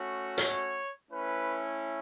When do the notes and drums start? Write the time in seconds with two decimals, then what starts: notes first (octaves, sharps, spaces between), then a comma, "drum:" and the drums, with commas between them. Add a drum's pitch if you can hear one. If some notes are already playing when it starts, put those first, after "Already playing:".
Already playing: A3 C#4 F#4
0.38 C#5, drum: hi-hat
1.10 A3 C#4 E4 B4